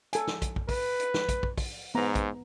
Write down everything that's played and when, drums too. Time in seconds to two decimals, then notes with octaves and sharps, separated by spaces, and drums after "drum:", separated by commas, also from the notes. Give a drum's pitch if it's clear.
0.13 A4 G#5, drum: hi-hat
0.27 drum: snare
0.42 drum: kick, hi-hat
0.56 drum: kick
0.69 B4, drum: kick, open hi-hat
1.00 drum: hi-hat
1.14 drum: snare
1.29 drum: kick, hi-hat
1.43 drum: kick
1.58 drum: kick, open hi-hat
1.95 G#2 B3 A#5
2.15 drum: kick, hi-hat